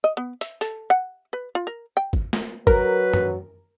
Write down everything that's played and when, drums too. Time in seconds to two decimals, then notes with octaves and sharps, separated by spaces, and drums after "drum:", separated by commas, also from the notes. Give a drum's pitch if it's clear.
0.04 D#5
0.17 B3
0.41 E5, drum: hi-hat
0.61 A4, drum: hi-hat
0.90 F#5
1.33 B4
1.55 F4
1.67 A#4
1.97 G5
2.13 drum: kick
2.33 drum: snare
2.67 F#3 A#4 B4, drum: kick
3.14 drum: tom